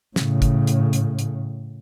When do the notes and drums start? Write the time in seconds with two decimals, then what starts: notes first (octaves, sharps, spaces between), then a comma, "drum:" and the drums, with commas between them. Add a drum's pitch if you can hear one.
0.16 A2 C#3, drum: snare
0.42 drum: kick, hi-hat
0.67 drum: hi-hat
0.93 drum: hi-hat
1.19 drum: hi-hat